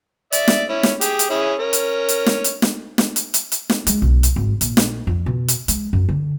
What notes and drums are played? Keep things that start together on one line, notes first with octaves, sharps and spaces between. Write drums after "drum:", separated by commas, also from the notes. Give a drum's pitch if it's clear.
D5 E5, drum: hi-hat
drum: snare
C#4 E4
drum: snare
G4 G#4, drum: hi-hat
drum: hi-hat
C#4 E4 G#4
C#4 A#4
drum: hi-hat
drum: hi-hat
drum: snare
drum: hi-hat
drum: snare
drum: snare
drum: hi-hat
drum: hi-hat
drum: hi-hat
drum: snare
G#3, drum: hi-hat
B1
drum: hi-hat
G#1
A#1, drum: hi-hat
drum: snare
F2
B2
drum: hi-hat
G#3, drum: hi-hat
F#2
D3